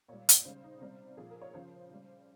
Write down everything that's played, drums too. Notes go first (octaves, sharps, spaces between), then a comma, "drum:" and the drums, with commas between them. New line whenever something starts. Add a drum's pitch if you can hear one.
A#2 G3 C#5
drum: hi-hat
C#3 G3 C5
D#4
C3 G3 C5
A#2 F3 G#4
A#4
C#5
C#3 F3 C5
C#3 G3